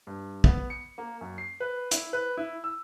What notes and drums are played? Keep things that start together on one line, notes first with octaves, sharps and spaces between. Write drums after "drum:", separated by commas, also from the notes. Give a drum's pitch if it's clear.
G2
B3, drum: kick
C#7
A#3
F#2
C7
B4
E4, drum: hi-hat
B4
E4
E6